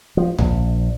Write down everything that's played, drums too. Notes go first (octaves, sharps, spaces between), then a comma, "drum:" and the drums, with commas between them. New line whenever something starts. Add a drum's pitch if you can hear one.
F3
A#1, drum: tom D2